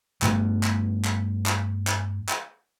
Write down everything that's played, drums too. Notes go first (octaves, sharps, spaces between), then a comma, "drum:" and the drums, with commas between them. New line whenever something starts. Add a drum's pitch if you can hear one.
G2 G3 A3 B3, drum: clap
drum: clap
drum: clap
drum: clap
drum: clap
drum: clap